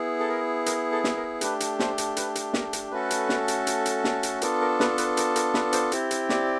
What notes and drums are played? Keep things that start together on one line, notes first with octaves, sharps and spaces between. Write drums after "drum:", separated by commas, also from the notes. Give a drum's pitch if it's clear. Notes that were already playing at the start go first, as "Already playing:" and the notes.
Already playing: B3 E4 G#4
A4
A#4
A#4, drum: hi-hat
A4
drum: snare
A#4
A3 D4 G4 B4, drum: hi-hat
drum: hi-hat
C5, drum: snare
drum: hi-hat
B4, drum: hi-hat
drum: hi-hat
A#4, drum: snare
drum: hi-hat
A3 C#4 F#4 A4 B4
drum: hi-hat
drum: snare
drum: hi-hat
drum: hi-hat
drum: hi-hat
drum: snare
drum: hi-hat
B3 D4 F4 A4 A#4, drum: hi-hat
A#4
B4, drum: snare
B4, drum: hi-hat
A#4, drum: hi-hat
A#4, drum: hi-hat
B4, drum: snare
C5, drum: hi-hat
C4 E4 G4, drum: hi-hat
drum: hi-hat
D5, drum: snare